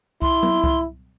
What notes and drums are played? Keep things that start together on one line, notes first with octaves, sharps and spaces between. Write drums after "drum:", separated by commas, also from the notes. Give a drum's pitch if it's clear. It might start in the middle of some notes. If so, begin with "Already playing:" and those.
E4 C6, drum: kick C2
drum: tom F#3
drum: kick C2